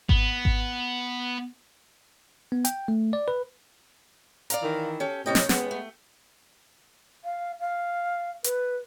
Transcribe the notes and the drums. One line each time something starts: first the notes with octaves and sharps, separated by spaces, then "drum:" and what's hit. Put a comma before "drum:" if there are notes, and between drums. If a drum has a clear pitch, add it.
B3, drum: kick G#1
drum: kick G#1
B3
G5, drum: hi-hat
A3
D5
B4
D5 F5 A#5, drum: hi-hat
D#3 E3 A#4
C#4 G4 A4
D#2 A2 C3 C#4 D#5 G5
drum: snare
G#3 B3, drum: snare
A3
F5
F5
B4, drum: hi-hat